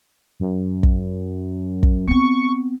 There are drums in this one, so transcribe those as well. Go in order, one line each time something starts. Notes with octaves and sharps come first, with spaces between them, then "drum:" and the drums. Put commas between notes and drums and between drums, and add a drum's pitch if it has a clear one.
F#2
drum: kick
drum: kick
B3 C4 C#6